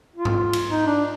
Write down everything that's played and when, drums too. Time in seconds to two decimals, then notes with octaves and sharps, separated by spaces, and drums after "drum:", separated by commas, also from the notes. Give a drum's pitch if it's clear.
0.16 F4
0.25 drum: tom G#2
0.53 drum: cymbal
0.69 D#4
0.86 D4